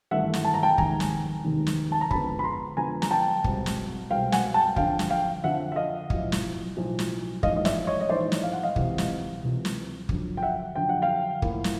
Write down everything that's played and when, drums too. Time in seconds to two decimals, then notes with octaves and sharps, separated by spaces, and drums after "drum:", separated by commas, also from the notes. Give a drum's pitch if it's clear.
0.11 G#1 G2 E3 A3 E5 F#5
0.34 drum: snare
0.45 A5
0.54 A#5
0.63 G5 A5
0.78 F1 D#2 D#3 G#3 G#5 A#5, drum: kick
1.00 drum: snare
1.45 F1 D#2 D#3 G#3
1.67 drum: snare
1.92 A5
2.01 A#5
2.11 F2 D3 F3 G#3 B3 A5 B5, drum: kick
2.39 B5
2.44 A#5 C6
2.77 F2 D3 F3 G#3 B3 G#5 A#5
3.02 A#5, drum: snare
3.11 G5 A5
3.44 C2 B2 G#3 C4, drum: kick
3.66 drum: snare
4.10 C2 B2 G#3 C4 F5 G5
4.32 F#5 G#5, drum: snare
4.54 G5 A5
4.76 F2 D3 F3 F5 G5, drum: kick
4.99 drum: snare
5.10 F5 G5
5.44 F2 D3 F3 E5 F#5
5.72 E5
5.76 D#5 F5
6.10 B1 A2 F3, drum: kick
6.32 drum: snare
6.77 B1 A2 F3
6.99 drum: snare
7.43 A#1 G#2 E3 G#3 D#5 F5, drum: kick
7.56 D#5
7.65 D5 E5, drum: snare
7.87 C#5 D#5
8.01 D#5
8.09 A#1 G#2 E3 G#3 C5 D5
8.32 drum: snare
8.43 F5
8.53 F#5
8.63 D#5 F5
8.76 C#2 C3 E3, drum: kick
8.98 drum: snare
9.43 C#2 C3 E3
9.65 drum: snare
10.09 F2 D3 F#3, drum: kick
10.37 G5
10.42 E5 F#5
10.75 F2 D3 F#3 G5
10.89 F#5
11.02 F5 G5
11.42 A2 F3 A#3, drum: kick
11.64 drum: snare